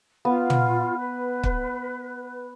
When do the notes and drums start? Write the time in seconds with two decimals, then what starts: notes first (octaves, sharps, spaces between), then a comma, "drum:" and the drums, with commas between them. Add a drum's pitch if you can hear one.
0.25 B3 F4
0.50 drum: tom
0.97 B4
1.43 drum: kick